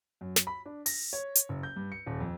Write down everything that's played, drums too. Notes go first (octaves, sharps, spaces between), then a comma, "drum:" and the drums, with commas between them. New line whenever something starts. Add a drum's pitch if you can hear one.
F#2
drum: snare
B5
D4
A#6, drum: open hi-hat
C#5
drum: hi-hat
F#1
G6
G2
C#7
D#1
F2